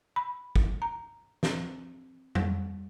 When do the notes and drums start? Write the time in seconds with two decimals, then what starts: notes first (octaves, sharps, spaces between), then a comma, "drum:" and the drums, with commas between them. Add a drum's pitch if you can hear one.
0.16 B5
0.56 drum: kick
0.82 A#5
1.43 C4, drum: snare
2.35 G3, drum: tom F2